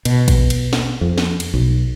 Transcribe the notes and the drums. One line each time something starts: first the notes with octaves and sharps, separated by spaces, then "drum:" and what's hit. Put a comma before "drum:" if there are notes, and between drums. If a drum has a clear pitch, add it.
B2, drum: cymbal
drum: kick, cymbal
drum: cymbal
drum: snare
F2
drum: snare
drum: cymbal
B1